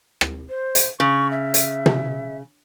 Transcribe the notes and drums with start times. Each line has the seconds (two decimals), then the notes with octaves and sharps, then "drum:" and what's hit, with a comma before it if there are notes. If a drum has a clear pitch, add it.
0.21 drum: rim click
0.49 C5
0.75 drum: hi-hat
1.00 C#3 C#6
1.31 E5
1.54 drum: hi-hat
1.86 drum: tom